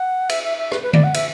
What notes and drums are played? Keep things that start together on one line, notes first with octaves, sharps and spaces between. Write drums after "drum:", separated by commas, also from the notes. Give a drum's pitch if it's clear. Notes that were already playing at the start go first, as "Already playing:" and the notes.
Already playing: F#5
E5, drum: cymbal
E5
E5
B4, drum: rim click
B4
D5, drum: tom D3
F#5
E5, drum: cymbal